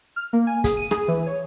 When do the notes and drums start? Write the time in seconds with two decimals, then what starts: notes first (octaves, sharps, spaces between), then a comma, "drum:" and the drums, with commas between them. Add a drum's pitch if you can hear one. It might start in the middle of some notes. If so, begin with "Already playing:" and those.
0.16 F6
0.33 A#3
0.47 G#5
0.64 G#4, drum: kick, hi-hat
0.77 D#7
0.91 G#4, drum: rim click
1.08 E3
1.26 C#5